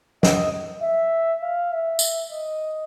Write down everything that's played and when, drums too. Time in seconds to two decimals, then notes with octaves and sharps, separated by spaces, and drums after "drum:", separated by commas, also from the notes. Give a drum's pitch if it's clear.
0.23 D#5, drum: snare
0.82 E5
1.42 F5
1.72 E5
1.99 drum: tambourine
2.32 D#5